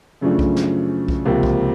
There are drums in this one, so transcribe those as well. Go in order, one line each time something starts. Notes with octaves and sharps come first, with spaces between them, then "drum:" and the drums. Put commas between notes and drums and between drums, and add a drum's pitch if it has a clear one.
F#2 C#3 F3 A3 D4
drum: kick B1
drum: snare
drum: kick B1
C#2 C3 F3 A#3
drum: kick B1